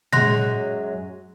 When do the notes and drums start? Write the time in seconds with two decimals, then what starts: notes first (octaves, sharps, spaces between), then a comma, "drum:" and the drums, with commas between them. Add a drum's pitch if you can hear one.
0.13 F#2 F#3 G#3 C6 F#6 A#6, drum: tom A#2